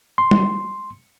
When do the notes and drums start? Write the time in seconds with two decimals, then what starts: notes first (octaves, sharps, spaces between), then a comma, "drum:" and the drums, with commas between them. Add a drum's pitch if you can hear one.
0.18 C6
0.31 drum: tom